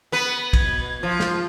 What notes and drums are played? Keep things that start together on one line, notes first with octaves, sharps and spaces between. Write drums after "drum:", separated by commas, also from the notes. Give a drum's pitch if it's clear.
B3 B4 B5
B2 G#6, drum: kick, cymbal
F3 F4
drum: snare